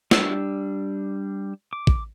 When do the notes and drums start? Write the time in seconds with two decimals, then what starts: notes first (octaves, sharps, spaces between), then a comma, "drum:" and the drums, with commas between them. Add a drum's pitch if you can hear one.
0.11 G3 D4 E6, drum: snare
1.73 D6
1.87 drum: kick